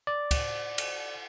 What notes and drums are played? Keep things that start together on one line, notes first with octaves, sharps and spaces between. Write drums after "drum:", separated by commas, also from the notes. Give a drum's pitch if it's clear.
D5
drum: kick, cymbal
drum: cymbal